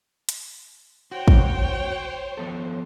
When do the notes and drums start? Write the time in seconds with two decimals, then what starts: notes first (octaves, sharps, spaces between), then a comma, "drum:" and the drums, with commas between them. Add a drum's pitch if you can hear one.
0.29 drum: hi-hat
1.12 F#4 C5 C#5 G5
1.28 drum: kick
2.37 F3 B3 A4